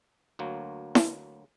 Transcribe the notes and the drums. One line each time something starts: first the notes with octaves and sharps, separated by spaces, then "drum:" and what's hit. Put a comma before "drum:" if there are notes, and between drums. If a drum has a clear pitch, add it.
D2 F#3 A#3
drum: snare E4